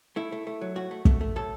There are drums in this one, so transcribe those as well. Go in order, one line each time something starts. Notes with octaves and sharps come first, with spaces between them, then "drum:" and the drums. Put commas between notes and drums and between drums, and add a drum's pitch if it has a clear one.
A3 E4
A3
A3
F#3
A2 F#4
A3
A3, drum: kick
A3
A2 A4